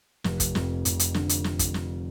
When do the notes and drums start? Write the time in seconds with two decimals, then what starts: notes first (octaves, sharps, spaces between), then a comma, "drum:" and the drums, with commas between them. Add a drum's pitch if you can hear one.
0.24 F1, drum: snare
0.40 drum: kick, hi-hat
0.55 F2, drum: snare
0.85 F1, drum: hi-hat
0.99 drum: hi-hat
1.14 D3, drum: snare
1.29 drum: hi-hat
1.44 drum: snare
1.59 drum: kick, hi-hat
1.74 drum: snare